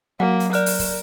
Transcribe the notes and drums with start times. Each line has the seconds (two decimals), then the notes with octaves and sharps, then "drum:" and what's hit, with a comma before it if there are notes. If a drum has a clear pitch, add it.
0.20 F#3 A#3 F#5
0.40 drum: hi-hat
0.53 A#4 D5 F6 F#6, drum: hi-hat
0.66 drum: open hi-hat
0.79 drum: kick, open hi-hat